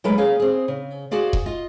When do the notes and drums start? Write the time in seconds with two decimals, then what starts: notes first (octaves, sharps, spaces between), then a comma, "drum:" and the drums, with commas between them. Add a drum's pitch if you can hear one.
0.04 F#3 G#3 A3 A#4 B4
0.18 A#3 C#4 G#4 F5
0.40 C4 G#4
0.68 C#3
1.11 F#4 G#4 C5 D5 F5
1.33 drum: kick E1
1.46 F4 D#5